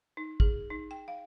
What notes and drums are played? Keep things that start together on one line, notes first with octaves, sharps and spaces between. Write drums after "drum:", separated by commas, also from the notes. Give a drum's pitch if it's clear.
D#4
G#4, drum: kick
D#4
G5
F5